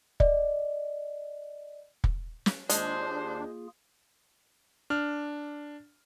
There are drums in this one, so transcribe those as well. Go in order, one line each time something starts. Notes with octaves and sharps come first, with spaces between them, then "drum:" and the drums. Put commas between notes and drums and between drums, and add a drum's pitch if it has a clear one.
D5 D#5, drum: kick
drum: kick
drum: snare
D#2 G#3 A#3 D4 F4 G#4 C5, drum: hi-hat
D4 F6